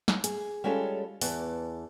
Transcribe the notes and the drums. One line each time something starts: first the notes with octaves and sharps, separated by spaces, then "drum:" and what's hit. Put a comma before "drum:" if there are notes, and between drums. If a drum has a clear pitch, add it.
drum: snare
G#4, drum: hi-hat
G3 G#3 C#4 F4 A4
E2 E3 A5, drum: open hi-hat